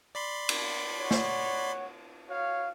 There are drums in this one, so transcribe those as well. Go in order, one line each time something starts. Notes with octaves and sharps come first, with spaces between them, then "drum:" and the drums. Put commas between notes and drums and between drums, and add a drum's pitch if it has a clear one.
D5 B5 C6
drum: cymbal
C#5 F#5
drum: snare
F#4 C#5 F5